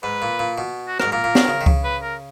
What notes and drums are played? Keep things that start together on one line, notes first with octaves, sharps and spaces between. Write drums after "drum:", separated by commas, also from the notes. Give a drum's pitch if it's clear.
G#2 B4
A#2
A#2
B2
F#4
G#2 A#4, drum: rim click
A#2 A#4
A#2
B2, drum: snare B3
C#3
D#3
C#3, drum: kick C#2
B4
A#4